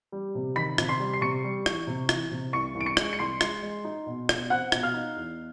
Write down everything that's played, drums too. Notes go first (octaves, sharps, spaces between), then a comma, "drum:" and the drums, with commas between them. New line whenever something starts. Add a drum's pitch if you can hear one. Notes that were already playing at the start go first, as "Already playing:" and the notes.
G3
C3
D#3 B5 B6
C3, drum: rim click
C6 C7
G3
C7
C3 C#6 C#7
G3
E3, drum: rim click
C3
E3, drum: rim click
C3
C2 C#6 C#7
C2
D7
C#6 C#7
G#3, drum: rim click
C#7
C2 C6 C7
G#3, drum: rim click
G#3
D#4
B2
B2, drum: rim click
C4 F#5 F#6
B2, drum: rim click
F5 F6
D#4
E2